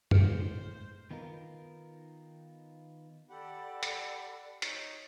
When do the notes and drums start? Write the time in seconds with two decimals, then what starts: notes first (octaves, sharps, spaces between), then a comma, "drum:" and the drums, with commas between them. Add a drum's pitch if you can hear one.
0.11 A2 G#3 C5 F6 C#7 D7, drum: tom F#2
1.11 D#3 B3 D#4 F4 A#4
3.29 G4 A4 D5 F#5 B5
3.83 drum: hi-hat
4.62 D#4 C#5, drum: hi-hat